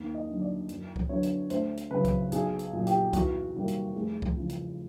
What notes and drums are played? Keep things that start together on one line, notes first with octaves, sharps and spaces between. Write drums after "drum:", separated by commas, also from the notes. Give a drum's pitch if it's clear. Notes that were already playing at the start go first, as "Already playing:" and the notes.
Already playing: D#2
D#5
D3 F#3
D5
F#2, drum: hi-hat
drum: kick C2
D3 F#3 B3 C#5
drum: hi-hat
D2 C5, drum: hi-hat
drum: hi-hat
C#3 F#3 B4
drum: kick C2, hi-hat
B1 G#4, drum: hi-hat
drum: hi-hat
A#2 F#3
G4, drum: hi-hat
E2 F#4, drum: kick C2, hi-hat
C3 D#3 G3 A#3
drum: hi-hat
F1 G#4
drum: kick C2
E2 C#3 F3
drum: hi-hat